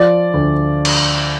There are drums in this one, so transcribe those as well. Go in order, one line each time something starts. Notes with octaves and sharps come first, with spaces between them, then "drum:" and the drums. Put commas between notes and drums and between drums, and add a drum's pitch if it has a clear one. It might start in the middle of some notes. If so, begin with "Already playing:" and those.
Already playing: F3 D5
D2
drum: cymbal